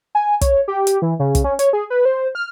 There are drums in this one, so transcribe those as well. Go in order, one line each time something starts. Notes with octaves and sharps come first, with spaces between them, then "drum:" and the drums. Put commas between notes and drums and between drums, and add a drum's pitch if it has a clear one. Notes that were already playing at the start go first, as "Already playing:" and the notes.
G#5
C#5, drum: kick, hi-hat
G4
drum: hi-hat
E3
C#3
drum: kick, hi-hat
C#4
C#5, drum: hi-hat
G#4
B4
C5
F6